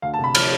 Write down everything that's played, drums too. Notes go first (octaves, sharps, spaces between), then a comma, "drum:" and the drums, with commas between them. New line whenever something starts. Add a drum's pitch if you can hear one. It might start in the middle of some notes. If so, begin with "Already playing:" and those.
D2 F5
A5
C3
B5
F3 F6, drum: cymbal